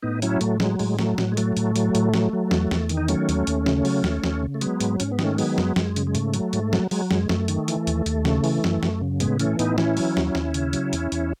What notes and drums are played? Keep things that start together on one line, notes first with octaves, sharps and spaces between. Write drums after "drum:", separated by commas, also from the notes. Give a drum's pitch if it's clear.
A2 B3 D#4
F#3 C#4 E4, drum: hi-hat
A2 A3, drum: hi-hat
F#3 G#3, drum: snare
A2 G#3, drum: open hi-hat
F#3 A3, drum: snare
A2, drum: snare
G#3
F#3 A3, drum: hi-hat
A2, drum: hi-hat
F#3, drum: hi-hat
A2, drum: hi-hat
F#3, drum: snare
F#3
E2, drum: snare
E2, drum: snare
D#3, drum: hi-hat
D#4
F#3 A3 C#4, drum: hi-hat
D#2, drum: hi-hat
D#2, drum: hi-hat
C#3, drum: snare
F#3, drum: open hi-hat
D#2, drum: snare
D#2, drum: snare
C#3
A3
F#3 G#3 B3, drum: hi-hat
G#2, drum: hi-hat
G#2 C#4, drum: hi-hat
B3
D#3, drum: snare
A3 C#4
F#3 G#3 B3, drum: open hi-hat
F#2, drum: snare
F#2 G#3, drum: snare
C#3, drum: hi-hat
G#3
G#2 A3, drum: hi-hat
F#3, drum: hi-hat
G#2, drum: hi-hat
F#3, drum: snare
F#3 G#3, drum: open hi-hat
F#2 G#3, drum: snare
F#2 A3, drum: snare
D#3, drum: hi-hat
E3, drum: hi-hat
D#2, drum: hi-hat
D#2, drum: hi-hat
C#3, drum: snare
E3, drum: open hi-hat
F#2, drum: snare
F#2, drum: snare
C#3
A2 G#3 B3, drum: hi-hat
E3 A3 C#4, drum: hi-hat
A2 B3 D#4, drum: hi-hat
E3 C#4 E4, drum: snare
F#3, drum: open hi-hat
D#2, drum: snare
D#2, drum: snare
C#3, drum: hi-hat
F#3, drum: hi-hat
E2, drum: hi-hat
E2, drum: hi-hat